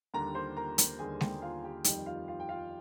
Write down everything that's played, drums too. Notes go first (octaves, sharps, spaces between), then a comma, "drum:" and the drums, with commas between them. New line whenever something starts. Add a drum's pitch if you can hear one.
D#2 D3 G3 A#4 A#5
C5 C6
A#4 A#5
A#4 A#5, drum: hi-hat
D#2 D3 G3 G#4 G#5
G4 G5, drum: snare G#3
F4 F5
G4 G5
F2 D#3 G3 G4 G5, drum: hi-hat
F4 F5
F4 F5
G5
F4 F5